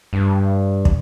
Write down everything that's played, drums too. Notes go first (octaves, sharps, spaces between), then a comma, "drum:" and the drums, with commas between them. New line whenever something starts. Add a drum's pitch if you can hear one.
G2
drum: kick